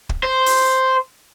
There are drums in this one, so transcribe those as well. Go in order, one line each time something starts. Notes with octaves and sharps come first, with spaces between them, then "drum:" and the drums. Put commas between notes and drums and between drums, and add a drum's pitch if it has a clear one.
drum: kick
C5
drum: open hi-hat